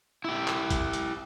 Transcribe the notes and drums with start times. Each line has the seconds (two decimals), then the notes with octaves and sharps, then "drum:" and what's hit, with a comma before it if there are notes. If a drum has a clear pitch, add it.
0.24 E4 G4
0.47 drum: clap
0.70 drum: kick, hi-hat
0.93 drum: hi-hat